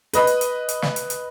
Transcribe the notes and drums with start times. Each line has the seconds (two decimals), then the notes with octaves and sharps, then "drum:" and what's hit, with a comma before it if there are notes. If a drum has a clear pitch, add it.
0.13 B4 D#5 B5, drum: hi-hat
0.27 drum: hi-hat
0.41 drum: hi-hat
0.69 drum: hi-hat
0.82 drum: snare
0.96 drum: hi-hat
1.10 drum: hi-hat